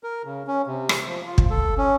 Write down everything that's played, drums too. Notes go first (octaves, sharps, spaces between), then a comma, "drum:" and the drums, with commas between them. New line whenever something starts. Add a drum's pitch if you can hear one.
A#4
C#3
C#4
C3
drum: rim click
F3
F4
drum: kick
A4
C#4